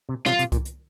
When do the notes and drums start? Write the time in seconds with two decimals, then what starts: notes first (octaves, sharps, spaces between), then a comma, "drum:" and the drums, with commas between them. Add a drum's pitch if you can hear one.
0.09 C3
0.26 C3 F4, drum: snare
0.39 C3, drum: hi-hat
0.52 A#2, drum: kick C2, hi-hat
0.65 drum: hi-hat